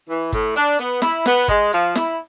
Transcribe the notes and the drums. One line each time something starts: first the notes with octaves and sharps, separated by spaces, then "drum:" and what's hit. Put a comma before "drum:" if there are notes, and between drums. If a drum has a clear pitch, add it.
E3
A2, drum: kick, hi-hat
D4, drum: hi-hat
B3, drum: hi-hat
E4, drum: snare
B3, drum: snare
G#3, drum: kick, hi-hat
F3, drum: hi-hat
E4, drum: snare